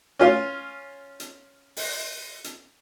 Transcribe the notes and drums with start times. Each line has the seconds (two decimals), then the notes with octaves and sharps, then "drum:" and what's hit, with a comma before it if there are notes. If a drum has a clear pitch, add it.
0.19 C#4 F4
1.20 drum: hi-hat
1.77 drum: open hi-hat
2.44 drum: hi-hat